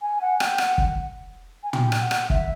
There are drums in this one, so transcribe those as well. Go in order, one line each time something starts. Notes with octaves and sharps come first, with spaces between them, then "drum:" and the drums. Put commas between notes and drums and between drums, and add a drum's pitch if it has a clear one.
G#5
F#5
G5, drum: rim click
F#5, drum: rim click
drum: kick
G#5
G5, drum: tom
drum: rim click
F#5
drum: rim click
E5, drum: kick